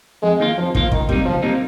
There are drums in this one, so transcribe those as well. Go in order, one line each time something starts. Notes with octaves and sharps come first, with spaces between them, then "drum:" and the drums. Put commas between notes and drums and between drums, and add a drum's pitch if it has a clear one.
F2 G#3
D#3 A#3 F4
F2 F3
D#3 A#3 F4, drum: kick
C#2 D#3, drum: kick
C3 G3 A#3 D#4, drum: kick
C#2 F3
C3 G3 A#3 D#4